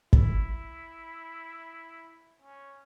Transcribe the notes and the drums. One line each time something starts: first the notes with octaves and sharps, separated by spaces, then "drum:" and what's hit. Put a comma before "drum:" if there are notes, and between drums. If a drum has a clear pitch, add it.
E4, drum: kick
C#4